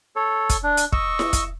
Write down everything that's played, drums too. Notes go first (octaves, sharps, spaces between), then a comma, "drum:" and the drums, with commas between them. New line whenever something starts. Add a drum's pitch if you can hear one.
A4 C#5
drum: kick, hi-hat
D4
drum: hi-hat
D#5 C#6 E6, drum: kick
drum: snare E4
drum: kick, hi-hat